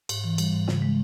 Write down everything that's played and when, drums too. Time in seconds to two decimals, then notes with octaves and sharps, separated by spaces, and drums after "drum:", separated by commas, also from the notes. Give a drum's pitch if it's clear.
0.09 G#2, drum: cymbal
0.24 E3
0.38 G3, drum: cymbal
0.53 G#2
0.68 C#3, drum: snare
0.82 G#3